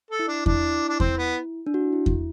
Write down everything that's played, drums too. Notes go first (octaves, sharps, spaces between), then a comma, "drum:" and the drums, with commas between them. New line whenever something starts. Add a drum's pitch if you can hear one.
A4
E4
D4
D4 E4, drum: kick E2
D4
C4, drum: kick E2
B3
D4
F#4
E4
E4
drum: kick E2